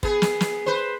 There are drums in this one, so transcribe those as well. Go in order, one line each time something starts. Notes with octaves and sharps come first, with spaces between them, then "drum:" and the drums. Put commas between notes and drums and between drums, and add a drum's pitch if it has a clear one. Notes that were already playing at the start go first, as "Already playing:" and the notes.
B3 G#4, drum: kick
drum: snare
drum: snare
B4 C5